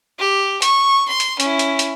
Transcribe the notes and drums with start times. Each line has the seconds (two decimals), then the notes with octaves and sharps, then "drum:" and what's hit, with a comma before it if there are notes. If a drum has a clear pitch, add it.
0.19 G4
0.62 C#6, drum: hi-hat
1.09 C6
1.20 drum: hi-hat
1.40 C#4 E4, drum: hi-hat
1.59 drum: hi-hat
1.79 drum: hi-hat